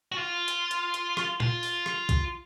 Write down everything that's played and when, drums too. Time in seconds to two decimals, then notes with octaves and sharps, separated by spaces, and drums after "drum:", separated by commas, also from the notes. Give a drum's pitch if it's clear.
0.12 F#4
0.18 F4
0.48 drum: hi-hat
0.71 drum: hi-hat
0.94 drum: hi-hat
1.17 drum: rim click
1.40 F4, drum: tom A#2
1.63 drum: open hi-hat
1.86 drum: rim click
2.09 drum: kick B1, hi-hat